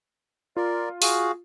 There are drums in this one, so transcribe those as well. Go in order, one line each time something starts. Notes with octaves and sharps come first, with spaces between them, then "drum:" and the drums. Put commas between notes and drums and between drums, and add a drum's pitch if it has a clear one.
F4 A#4 D5
F#4 G#4 F5, drum: open hi-hat